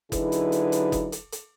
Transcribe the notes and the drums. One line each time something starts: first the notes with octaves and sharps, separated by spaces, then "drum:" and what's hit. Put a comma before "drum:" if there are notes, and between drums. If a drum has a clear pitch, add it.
D3 F#3 D#4 E4 G#4 B4, drum: kick F#1, hi-hat
drum: hi-hat
drum: hi-hat
drum: hi-hat
drum: kick F#1, hi-hat
drum: hi-hat
drum: hi-hat